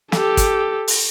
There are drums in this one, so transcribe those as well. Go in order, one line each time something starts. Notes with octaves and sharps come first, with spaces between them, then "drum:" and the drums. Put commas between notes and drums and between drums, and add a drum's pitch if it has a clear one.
G4 A4, drum: snare
drum: kick, hi-hat
drum: open hi-hat